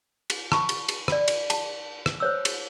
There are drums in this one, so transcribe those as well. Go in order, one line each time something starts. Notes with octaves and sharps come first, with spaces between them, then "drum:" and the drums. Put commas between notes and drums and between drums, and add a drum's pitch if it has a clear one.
drum: cymbal
A5 B5 C#6, drum: rim click
drum: cymbal
drum: cymbal
D5 B5, drum: rim click
drum: cymbal
A5, drum: cymbal
drum: rim click
C5 C#5 E6
drum: cymbal